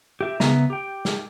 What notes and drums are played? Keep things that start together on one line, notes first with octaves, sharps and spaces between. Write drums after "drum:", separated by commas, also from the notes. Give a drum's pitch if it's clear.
G4 E5
C#3 B3 E5 A#5, drum: snare
G4 G5
drum: snare